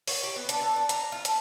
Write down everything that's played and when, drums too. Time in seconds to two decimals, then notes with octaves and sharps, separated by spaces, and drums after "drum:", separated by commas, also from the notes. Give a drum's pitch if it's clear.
0.08 C#5, drum: open hi-hat
0.23 G4
0.36 B3
0.49 D4, drum: hi-hat
0.61 A4
0.76 D4
0.89 A#5, drum: hi-hat
1.12 F4
1.25 A5, drum: hi-hat